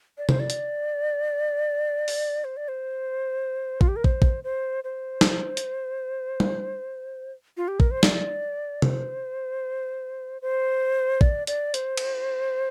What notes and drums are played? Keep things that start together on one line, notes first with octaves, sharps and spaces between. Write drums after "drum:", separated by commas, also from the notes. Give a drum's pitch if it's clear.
D5
C5, drum: tom C3
D5
drum: hi-hat
drum: open hi-hat
C5
D5
C5
F4, drum: kick
G4
A#4
C5, drum: kick
drum: kick
C5
C5
drum: snare
drum: hi-hat
drum: tom
F4
G4
A#4, drum: kick
C5
D5, drum: snare
C5, drum: tom C3
C5
D5, drum: kick
D5, drum: hi-hat
C5, drum: hi-hat
drum: cymbal